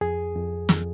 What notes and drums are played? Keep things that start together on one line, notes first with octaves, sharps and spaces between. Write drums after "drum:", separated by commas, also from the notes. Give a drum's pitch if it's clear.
F2 G#4
F2
F2, drum: snare